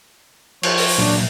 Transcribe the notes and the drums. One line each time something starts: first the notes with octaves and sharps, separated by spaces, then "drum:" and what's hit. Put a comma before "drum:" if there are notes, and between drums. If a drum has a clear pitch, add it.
F3 C#5, drum: cymbal
drum: open hi-hat
A#2 F#3 D4